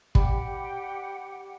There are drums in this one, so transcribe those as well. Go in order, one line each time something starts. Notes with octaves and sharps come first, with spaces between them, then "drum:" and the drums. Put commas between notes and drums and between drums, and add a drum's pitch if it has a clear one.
G3 G4 F#5 G5, drum: kick